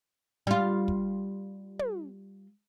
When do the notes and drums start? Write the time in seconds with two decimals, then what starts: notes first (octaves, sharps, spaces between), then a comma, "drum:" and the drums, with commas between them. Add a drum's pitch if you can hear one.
0.47 G3 F4
0.88 drum: kick
1.79 drum: tom